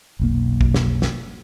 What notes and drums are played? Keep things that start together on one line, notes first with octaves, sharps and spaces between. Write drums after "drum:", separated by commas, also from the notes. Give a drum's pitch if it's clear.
F1 B1 A#3
drum: kick
drum: snare
drum: snare